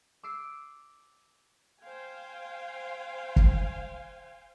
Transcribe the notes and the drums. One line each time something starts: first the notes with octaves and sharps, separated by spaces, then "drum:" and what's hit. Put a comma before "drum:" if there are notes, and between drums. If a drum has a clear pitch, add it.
D6 E6 C7
C5 F5 G5 G#5
drum: kick